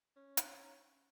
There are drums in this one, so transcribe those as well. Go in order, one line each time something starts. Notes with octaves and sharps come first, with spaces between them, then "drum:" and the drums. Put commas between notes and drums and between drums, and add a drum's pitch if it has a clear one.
C#4
drum: hi-hat